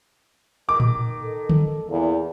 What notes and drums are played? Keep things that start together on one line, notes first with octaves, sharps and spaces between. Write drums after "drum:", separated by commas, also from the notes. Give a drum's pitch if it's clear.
D#3 D6
drum: tom A2
A4
drum: tom D3
E2 A#2